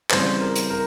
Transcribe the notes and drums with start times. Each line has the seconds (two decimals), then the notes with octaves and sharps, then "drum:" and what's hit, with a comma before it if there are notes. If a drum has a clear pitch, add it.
0.11 C#3 E3 G3 C4 C5, drum: clap
0.41 A#4
0.56 drum: hi-hat
0.70 A#4